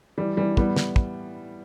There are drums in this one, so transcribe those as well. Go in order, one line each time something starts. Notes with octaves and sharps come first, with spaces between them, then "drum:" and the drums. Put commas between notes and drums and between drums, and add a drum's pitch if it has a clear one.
E3 G3
E3 G3
A2 G3 B3, drum: kick
drum: snare
drum: kick